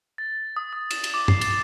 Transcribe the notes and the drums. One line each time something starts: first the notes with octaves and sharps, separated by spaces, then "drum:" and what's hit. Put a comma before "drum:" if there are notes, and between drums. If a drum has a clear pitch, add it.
A6
D#6
D#6
E7, drum: cymbal
drum: cymbal
D6
C7, drum: tom
A6, drum: cymbal